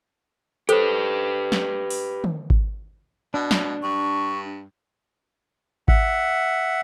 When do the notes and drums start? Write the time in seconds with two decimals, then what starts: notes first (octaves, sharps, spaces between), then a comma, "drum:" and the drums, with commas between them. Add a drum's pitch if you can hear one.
0.69 G4 A4 B4 C5, drum: hi-hat
1.52 drum: snare
1.90 drum: open hi-hat
2.24 drum: tom
2.50 drum: kick G#1
3.34 B2 D4
3.51 drum: snare
3.83 G2 C#6
5.88 E5 F#5, drum: kick G#1